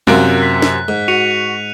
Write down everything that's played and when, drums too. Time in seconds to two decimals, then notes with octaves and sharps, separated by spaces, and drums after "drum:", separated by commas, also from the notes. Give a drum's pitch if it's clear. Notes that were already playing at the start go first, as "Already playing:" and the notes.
0.07 F#2 C3 A#3 F4 F#4 F#6 D7, drum: tom G3
0.43 B6
0.62 drum: snare
0.88 G#2
1.08 F#4 C#7 D#7 F7